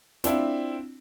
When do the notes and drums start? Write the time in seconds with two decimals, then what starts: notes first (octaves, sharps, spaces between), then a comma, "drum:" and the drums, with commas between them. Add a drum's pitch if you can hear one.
0.24 C4 D4 E4 F4, drum: snare